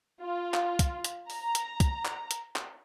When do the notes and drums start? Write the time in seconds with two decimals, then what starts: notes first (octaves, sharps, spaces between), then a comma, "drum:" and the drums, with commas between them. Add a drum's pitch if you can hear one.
0.22 F4
0.54 drum: clap
0.79 drum: kick, hi-hat
1.04 drum: hi-hat
1.30 A#5, drum: open hi-hat
1.55 drum: hi-hat
1.80 drum: kick, hi-hat
2.05 drum: clap
2.31 drum: hi-hat
2.56 drum: clap